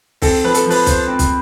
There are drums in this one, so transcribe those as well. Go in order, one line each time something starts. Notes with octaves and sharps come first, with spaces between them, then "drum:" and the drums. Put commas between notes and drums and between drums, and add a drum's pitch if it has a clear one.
C4 A4, drum: kick, open hi-hat
F3 B4
A4, drum: hi-hat
F3
B4, drum: open hi-hat
F4 C5, drum: kick, hi-hat
C4
drum: kick, hi-hat